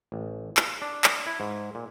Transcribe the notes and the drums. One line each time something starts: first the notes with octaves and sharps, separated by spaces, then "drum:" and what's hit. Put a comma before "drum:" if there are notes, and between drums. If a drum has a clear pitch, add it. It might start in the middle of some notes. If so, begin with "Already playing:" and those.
A1
F5, drum: clap
D4
drum: clap
E4
G#2
A#2